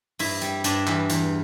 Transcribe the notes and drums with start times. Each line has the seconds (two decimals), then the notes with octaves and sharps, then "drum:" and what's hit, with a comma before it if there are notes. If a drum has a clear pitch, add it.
0.19 G2 E4, drum: open hi-hat
0.42 G3, drum: hi-hat
0.64 G2 D4, drum: hi-hat
0.87 E3, drum: clap
1.10 E2, drum: hi-hat